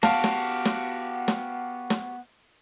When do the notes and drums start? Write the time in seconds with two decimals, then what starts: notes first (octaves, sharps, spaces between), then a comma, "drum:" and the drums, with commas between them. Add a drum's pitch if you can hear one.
0.03 B3 F#4 G4 F5 A5, drum: snare
0.24 drum: snare
0.65 drum: snare
1.28 drum: snare
1.90 drum: snare